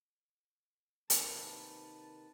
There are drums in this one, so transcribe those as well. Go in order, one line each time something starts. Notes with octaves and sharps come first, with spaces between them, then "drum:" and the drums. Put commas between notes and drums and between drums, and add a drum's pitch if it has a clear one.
C3 D#3 A#3 B4 A5, drum: hi-hat